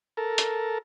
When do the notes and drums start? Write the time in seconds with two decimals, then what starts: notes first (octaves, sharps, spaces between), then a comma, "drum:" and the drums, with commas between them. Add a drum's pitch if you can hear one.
0.17 A4 A#4
0.38 drum: hi-hat